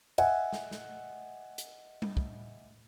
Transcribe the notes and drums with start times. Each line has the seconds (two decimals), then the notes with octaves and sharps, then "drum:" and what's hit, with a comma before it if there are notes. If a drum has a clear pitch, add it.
0.18 D#5 E5 F#5 G#5, drum: cymbal
0.53 drum: snare
0.71 drum: snare
1.58 drum: hi-hat
2.02 drum: tom G3
2.17 drum: kick